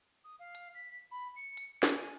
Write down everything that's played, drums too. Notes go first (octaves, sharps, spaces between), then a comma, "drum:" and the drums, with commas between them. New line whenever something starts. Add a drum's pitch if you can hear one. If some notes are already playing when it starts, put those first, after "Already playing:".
D#6
F5
drum: hi-hat
B6
B5
C#7
drum: hi-hat
A6, drum: snare
G#5